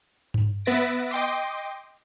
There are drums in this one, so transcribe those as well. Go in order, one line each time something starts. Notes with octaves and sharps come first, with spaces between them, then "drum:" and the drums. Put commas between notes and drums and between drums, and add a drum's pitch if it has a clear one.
drum: tom G2
B3 B4 E5 A6 A#6 D7
D#5 G5 C6 D6, drum: hi-hat